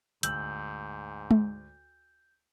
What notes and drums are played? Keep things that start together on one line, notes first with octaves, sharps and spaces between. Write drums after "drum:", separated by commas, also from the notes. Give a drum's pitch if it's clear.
D2 G#2 E6 G6 F#7, drum: hi-hat
drum: tom G#3